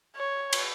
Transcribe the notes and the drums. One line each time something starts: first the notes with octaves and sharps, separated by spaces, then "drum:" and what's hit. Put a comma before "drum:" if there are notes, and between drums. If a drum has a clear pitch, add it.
C#5
drum: cymbal